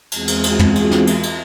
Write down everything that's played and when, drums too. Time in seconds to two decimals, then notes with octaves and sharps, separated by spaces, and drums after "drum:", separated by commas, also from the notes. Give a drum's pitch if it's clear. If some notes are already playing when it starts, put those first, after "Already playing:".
0.12 E2 G#3 C4 F4 F#4 G#4, drum: cymbal
0.28 drum: cymbal
0.43 drum: cymbal
0.59 drum: tom
0.75 drum: cymbal
0.91 drum: snare
1.07 drum: cymbal
1.23 drum: cymbal